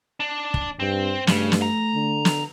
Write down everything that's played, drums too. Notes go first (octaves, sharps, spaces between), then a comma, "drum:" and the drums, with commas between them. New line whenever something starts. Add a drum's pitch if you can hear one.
D4
drum: kick
G2 C4
G2 C#3 A3, drum: snare
drum: snare
A#5
D3
drum: snare